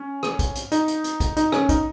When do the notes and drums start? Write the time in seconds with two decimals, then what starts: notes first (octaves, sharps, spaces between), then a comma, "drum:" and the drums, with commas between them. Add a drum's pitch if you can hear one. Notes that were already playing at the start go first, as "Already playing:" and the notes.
Already playing: C#4
0.23 drum: rim click
0.39 drum: kick, hi-hat
0.55 drum: hi-hat
0.72 D#4, drum: hi-hat
0.88 drum: hi-hat
1.04 drum: hi-hat
1.20 drum: kick, hi-hat
1.37 D#4, drum: hi-hat
1.52 C#4, drum: rim click
1.69 D#4, drum: kick, hi-hat